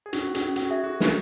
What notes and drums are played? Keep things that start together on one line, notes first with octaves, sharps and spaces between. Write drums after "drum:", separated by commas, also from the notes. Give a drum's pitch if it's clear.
G#4
C#4 F#4, drum: hi-hat
C#4
G#4, drum: hi-hat
C#4
C#4 F#4, drum: hi-hat
G#4 E5
F#4 G#4
G#4, drum: snare